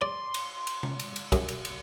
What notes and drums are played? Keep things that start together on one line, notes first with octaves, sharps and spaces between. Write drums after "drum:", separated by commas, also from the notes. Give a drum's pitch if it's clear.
D5 C6
drum: cymbal
drum: cymbal
drum: tom C3
drum: cymbal
drum: cymbal
F#2, drum: kick, cymbal
drum: cymbal
drum: cymbal